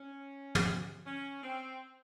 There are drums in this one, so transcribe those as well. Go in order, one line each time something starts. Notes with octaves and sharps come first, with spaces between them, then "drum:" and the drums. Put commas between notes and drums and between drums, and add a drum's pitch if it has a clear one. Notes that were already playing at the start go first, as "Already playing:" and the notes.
Already playing: C#4
drum: tom
C#4
C4